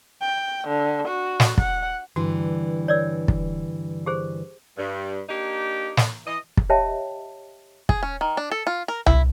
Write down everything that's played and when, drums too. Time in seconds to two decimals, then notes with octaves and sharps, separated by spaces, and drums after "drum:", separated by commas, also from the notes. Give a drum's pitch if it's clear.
0.22 G5
0.68 D3
1.08 F#4
1.40 drum: snare
1.58 F#5, drum: kick
2.16 G2 D3 E3 F#4
2.88 C#5 D5 E6
3.28 drum: kick
4.06 G4 G#4 C5
4.78 G2
5.29 A#3 D4 D#4 G4
5.97 drum: snare
6.26 E3 D#5
6.57 drum: kick
6.70 G4 C#5 D#5 E5 G5 A5
7.89 G#4, drum: kick
8.03 C#4
8.21 D#3
8.37 D4
8.52 A4
8.67 F4
8.88 A#4
9.06 E4, drum: tom C2